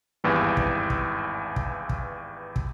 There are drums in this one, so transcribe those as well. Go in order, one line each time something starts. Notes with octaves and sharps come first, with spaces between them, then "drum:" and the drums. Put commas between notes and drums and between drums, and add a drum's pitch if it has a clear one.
G#1 E2 G2 E3
drum: kick
drum: kick
drum: kick
drum: kick
drum: kick